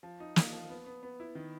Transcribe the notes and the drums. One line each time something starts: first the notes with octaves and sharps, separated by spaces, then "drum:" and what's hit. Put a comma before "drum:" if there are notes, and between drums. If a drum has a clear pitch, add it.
F3
D#4
A#3, drum: snare
F3
B3
B3
B3
E4
D#3